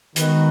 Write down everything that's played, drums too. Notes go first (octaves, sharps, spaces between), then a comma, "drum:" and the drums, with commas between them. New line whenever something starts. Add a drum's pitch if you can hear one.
D#3 G#3 B3 F#4 B4 D#5, drum: hi-hat